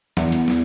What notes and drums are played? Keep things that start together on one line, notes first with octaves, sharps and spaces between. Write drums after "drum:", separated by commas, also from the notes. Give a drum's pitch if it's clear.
E2, drum: snare
drum: hi-hat
drum: snare